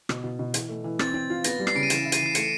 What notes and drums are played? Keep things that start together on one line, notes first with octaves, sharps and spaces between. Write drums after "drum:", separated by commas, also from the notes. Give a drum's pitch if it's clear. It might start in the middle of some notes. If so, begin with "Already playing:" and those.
B2, drum: rim click
B2
B2
E3, drum: hi-hat
A3
E3
C4 A6, drum: rim click
C4
F4
B3 A#6, drum: hi-hat
G3
C7, drum: rim click
C#3 D7
D#7
E3 E7, drum: hi-hat
E4
D#7, drum: hi-hat
E3
C7
A3 C#7, drum: hi-hat